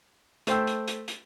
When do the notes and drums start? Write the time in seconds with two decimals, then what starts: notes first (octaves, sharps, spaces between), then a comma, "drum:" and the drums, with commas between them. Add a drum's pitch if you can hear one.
0.47 A3 C5 G5 E6, drum: hi-hat
0.67 drum: hi-hat
0.88 drum: hi-hat
1.08 drum: hi-hat